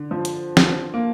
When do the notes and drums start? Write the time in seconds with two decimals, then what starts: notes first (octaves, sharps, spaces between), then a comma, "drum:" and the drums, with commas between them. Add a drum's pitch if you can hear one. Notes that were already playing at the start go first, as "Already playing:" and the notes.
Already playing: D3
0.11 F3
0.25 drum: hi-hat
0.57 drum: snare
0.94 A#3